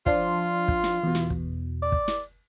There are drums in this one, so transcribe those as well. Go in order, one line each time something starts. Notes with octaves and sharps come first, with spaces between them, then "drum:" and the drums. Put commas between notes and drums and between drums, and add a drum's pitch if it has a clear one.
F3 D4 F4 C6, drum: kick
drum: kick
drum: snare
E2 B2
drum: snare
drum: kick
D5
drum: kick
drum: snare